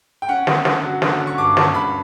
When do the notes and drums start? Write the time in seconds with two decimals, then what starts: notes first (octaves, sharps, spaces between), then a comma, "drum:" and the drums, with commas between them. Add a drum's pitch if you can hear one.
0.22 G5
0.29 C#4 F#5
0.47 C#4, drum: snare
0.65 D3, drum: snare
0.84 F#3
1.02 D3, drum: snare
1.21 C#4
1.27 C#6
1.38 G2 D6
1.57 C#4 A5, drum: snare
1.74 G2 B5